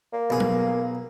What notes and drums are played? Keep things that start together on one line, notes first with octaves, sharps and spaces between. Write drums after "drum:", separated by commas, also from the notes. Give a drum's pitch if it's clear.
A#3
B1 G#4
drum: tom F#3